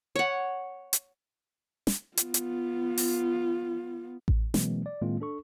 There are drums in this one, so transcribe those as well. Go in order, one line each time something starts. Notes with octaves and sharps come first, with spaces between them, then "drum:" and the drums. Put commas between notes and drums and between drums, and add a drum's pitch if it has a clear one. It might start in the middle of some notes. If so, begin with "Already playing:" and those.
C#5 F#5
drum: hi-hat
drum: snare
B3 F4, drum: hi-hat
drum: hi-hat
drum: open hi-hat
drum: kick A1
B2 E3 F#3 G#3 A#3 C4, drum: snare
D5
A2 D#3 G#3 A#3 C4 F4
D4 A4 C#6